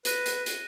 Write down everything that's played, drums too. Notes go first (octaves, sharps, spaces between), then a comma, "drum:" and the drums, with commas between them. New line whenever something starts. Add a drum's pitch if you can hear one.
B4 F#6 A#6 D#7, drum: hi-hat
drum: hi-hat
drum: hi-hat